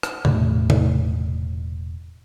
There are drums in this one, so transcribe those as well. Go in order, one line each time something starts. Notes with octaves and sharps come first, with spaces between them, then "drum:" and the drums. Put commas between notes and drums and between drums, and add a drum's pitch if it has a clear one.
drum: rim click
E1 A2 C3 A3, drum: tom C#3
drum: tom C3